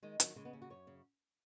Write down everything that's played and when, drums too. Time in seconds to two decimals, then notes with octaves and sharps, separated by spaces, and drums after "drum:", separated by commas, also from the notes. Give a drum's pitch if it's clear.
0.03 D#3 G#3
0.20 D#3 F#3, drum: hi-hat
0.36 C#3 G#3
0.45 B3
0.53 D#2 C#4
0.62 F#4
0.70 F#2 C#5
0.87 C#3